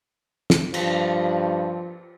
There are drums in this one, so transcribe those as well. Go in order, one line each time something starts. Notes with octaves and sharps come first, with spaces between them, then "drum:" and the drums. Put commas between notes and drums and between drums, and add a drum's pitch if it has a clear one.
drum: snare
G2 F3, drum: cymbal